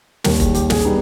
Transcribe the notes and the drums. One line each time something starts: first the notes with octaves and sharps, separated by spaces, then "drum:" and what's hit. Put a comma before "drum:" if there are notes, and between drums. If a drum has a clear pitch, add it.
D#2 D#3 G3 A#4, drum: snare
G#4, drum: kick F1, hi-hat
G4, drum: hi-hat
G#4, drum: snare
G3 B3 D#4